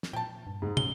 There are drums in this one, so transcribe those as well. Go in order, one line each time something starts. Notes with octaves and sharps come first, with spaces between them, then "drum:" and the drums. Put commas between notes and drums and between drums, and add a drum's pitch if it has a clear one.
drum: snare
A#2 G5 A5
G2
G#2
C#4 G7, drum: tom